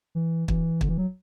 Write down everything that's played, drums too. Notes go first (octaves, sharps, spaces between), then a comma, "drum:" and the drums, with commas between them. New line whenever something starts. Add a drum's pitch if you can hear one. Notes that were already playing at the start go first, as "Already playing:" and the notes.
E3
E3, drum: kick
D3, drum: kick
E3
F#3